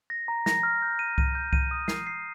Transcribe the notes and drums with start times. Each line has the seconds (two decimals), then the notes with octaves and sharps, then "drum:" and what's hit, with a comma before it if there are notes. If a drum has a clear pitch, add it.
0.10 A#6
0.28 A#5
0.46 A#6, drum: snare
0.63 F6
0.82 G6
0.99 D#7
1.18 D#7, drum: kick C2
1.35 G6
1.53 D#7, drum: kick C2
1.71 D#6
1.88 C7, drum: snare
2.07 C7